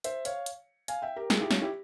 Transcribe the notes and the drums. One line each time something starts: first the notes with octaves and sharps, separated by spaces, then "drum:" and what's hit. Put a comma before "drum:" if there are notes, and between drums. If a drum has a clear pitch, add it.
C5 E5, drum: hi-hat
C#5 F5, drum: hi-hat
drum: hi-hat
F5 G#5, drum: hi-hat
E5 G5
G4 A#4
F4 G#4, drum: snare
E4 G4
C#4 F4, drum: snare
E4 G4